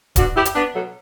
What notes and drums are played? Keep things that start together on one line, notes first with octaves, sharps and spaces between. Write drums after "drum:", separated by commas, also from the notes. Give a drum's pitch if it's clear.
B2 D4 F#4, drum: kick D1, hi-hat
E4 G4
drum: hi-hat
B3 D4
B2 F#3 A3